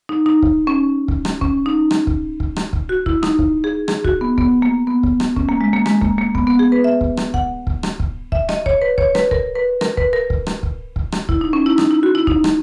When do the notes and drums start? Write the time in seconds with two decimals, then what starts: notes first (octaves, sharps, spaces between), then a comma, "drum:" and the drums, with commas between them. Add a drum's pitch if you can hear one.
0.09 D#4
0.26 D#4
0.42 drum: kick
0.67 C#4
1.08 drum: kick
1.25 drum: rim click
1.41 C#4, drum: kick
1.66 D#4
1.91 drum: rim click
2.07 drum: kick
2.40 drum: kick
2.56 drum: rim click
2.73 drum: kick
2.89 F#4
3.06 E4, drum: kick
3.23 D#4, drum: rim click
3.39 drum: kick
3.64 G#4
3.88 G#4, drum: rim click
4.05 F#4, drum: kick
4.21 B3
4.38 B3, drum: kick
4.62 A#3
4.87 B3
5.03 drum: kick
5.20 drum: rim click
5.36 C#4, drum: kick
5.49 A#3
5.61 G#3
5.73 A#3
5.86 G#3, drum: rim click
6.02 A#3, drum: kick
6.18 A#3
6.35 B3, drum: kick
6.47 B3
6.59 G#4
6.72 B4
6.84 E5
7.01 drum: kick
7.17 drum: rim click
7.34 F#5, drum: kick
7.67 drum: kick
7.83 drum: rim click
8.00 drum: kick
8.32 E5, drum: kick
8.49 D#5, drum: rim click
8.66 C#5, drum: kick
8.82 B4
8.98 C#5, drum: kick
9.15 B4, drum: rim click
9.31 A#4, drum: kick
9.55 B4
9.81 A#4, drum: rim click
9.97 B4, drum: kick
10.13 A#4
10.30 drum: kick
10.47 drum: rim click
10.63 drum: kick
10.96 drum: kick
11.12 drum: rim click
11.29 E4, drum: kick
11.41 D#4
11.53 C#4
11.66 E4
11.78 D#4, drum: rim click
11.91 E4
12.03 F#4
12.15 E4
12.27 D#4, drum: kick
12.44 drum: rim click